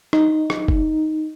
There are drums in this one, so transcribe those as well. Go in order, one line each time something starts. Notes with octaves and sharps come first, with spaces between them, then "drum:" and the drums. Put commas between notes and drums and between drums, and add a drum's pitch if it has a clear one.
D#4, drum: rim click
drum: rim click
drum: kick